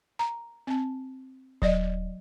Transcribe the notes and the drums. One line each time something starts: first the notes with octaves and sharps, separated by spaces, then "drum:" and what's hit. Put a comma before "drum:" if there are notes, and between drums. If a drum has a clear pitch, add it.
A#5
C4 A5
F#3 D5 D#5, drum: kick D#1